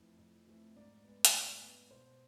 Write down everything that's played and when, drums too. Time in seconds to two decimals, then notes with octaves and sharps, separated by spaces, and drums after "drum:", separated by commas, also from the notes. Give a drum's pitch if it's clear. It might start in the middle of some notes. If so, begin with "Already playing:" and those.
Already playing: F2 E3 A3 C4
0.19 F2
0.47 E3 A3 C4
0.76 G#2 D5
1.05 G#3 B3
1.25 drum: hi-hat
1.34 G#2
1.63 G#3 B3
1.91 B2 C5